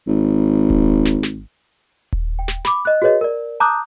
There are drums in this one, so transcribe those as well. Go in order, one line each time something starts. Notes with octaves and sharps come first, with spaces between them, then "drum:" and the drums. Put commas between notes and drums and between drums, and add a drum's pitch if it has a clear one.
G#1
drum: kick D#1
drum: snare
drum: snare
drum: kick D#1
G5
drum: snare
B5 D6, drum: snare
D#5 F#6
F#4 G#4 B4 C#5 D#5
A#4 D5
A5 A#5 D6 D#6 F#6 G6